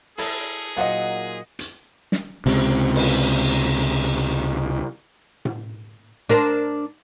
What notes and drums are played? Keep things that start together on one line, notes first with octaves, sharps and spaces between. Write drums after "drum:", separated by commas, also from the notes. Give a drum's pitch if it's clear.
E4 G#4 A4 A5 D#6, drum: open hi-hat
A#2 F#3 D#4 F4 C5 D#5 F#5
drum: hi-hat
drum: snare
C#2 C3, drum: open hi-hat
drum: cymbal
drum: tom A2
D4 A#4 C5